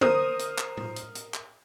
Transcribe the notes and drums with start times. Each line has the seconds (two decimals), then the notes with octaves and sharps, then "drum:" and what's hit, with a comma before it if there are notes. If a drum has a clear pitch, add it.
0.01 A#4 C5 D#6, drum: tom
0.39 drum: hi-hat
0.58 drum: clap
0.77 drum: tom A2
0.96 drum: hi-hat
1.15 drum: hi-hat
1.34 drum: clap